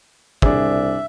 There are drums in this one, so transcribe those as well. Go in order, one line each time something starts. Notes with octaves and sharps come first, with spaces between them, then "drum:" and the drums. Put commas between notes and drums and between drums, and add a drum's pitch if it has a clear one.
C2 D4 G#4 E5, drum: kick